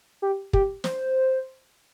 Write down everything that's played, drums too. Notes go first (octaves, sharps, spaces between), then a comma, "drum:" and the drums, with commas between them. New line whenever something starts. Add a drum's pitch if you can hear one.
G4
G4, drum: kick
C5, drum: snare